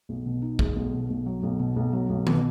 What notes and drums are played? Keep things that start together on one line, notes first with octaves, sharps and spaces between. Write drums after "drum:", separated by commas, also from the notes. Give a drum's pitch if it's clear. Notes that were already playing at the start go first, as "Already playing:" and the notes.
B1
B2
D#4
G#3, drum: kick
B1
B2
B1
F#3
B1
B2
B1
F#3
B1
B2, drum: tom D#3